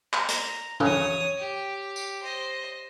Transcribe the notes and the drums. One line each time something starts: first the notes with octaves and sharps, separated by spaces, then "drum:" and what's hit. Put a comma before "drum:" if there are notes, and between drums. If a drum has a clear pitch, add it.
A#5, drum: clap
drum: hi-hat
C#5 D#6, drum: tom
G4
drum: tambourine
C5 D#5